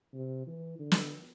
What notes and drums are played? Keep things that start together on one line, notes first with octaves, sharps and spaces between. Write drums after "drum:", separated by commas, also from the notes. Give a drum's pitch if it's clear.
C3
E3
D3
drum: snare